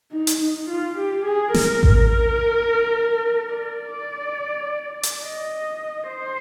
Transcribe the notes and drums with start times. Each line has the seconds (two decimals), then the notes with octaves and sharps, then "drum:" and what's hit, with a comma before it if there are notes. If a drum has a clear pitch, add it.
0.12 D#4
0.27 drum: hi-hat
0.41 D#4
0.69 F4
0.97 G4
1.25 G#4
1.54 A#4, drum: snare
1.83 drum: kick A1
3.53 D5
5.03 drum: hi-hat
5.23 D#5
6.08 C5